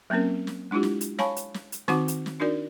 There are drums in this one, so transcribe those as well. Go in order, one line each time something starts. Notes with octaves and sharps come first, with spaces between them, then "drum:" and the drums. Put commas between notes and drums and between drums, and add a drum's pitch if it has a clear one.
F#3 A#3 C4 C#4 A#4
drum: snare
G#3 D4 E4 F4 G4
drum: snare
drum: hi-hat
C#5 F5 G#5 A5 B5 C#6, drum: snare
drum: hi-hat
drum: snare
drum: hi-hat
D#3 C4 D#4 F#4 F#5 D6, drum: snare
drum: hi-hat
drum: snare
D4 D#4 F#4 A#4 D5